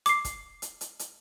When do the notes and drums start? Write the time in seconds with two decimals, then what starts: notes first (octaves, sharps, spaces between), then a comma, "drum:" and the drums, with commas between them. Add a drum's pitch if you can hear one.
0.06 D6 C7, drum: hi-hat
0.25 drum: kick, hi-hat
0.62 drum: hi-hat
0.81 drum: hi-hat
0.99 drum: hi-hat